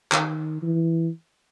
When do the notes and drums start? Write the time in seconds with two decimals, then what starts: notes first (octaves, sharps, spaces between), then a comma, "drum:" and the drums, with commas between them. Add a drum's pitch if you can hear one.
0.12 D#3, drum: clap
0.62 E3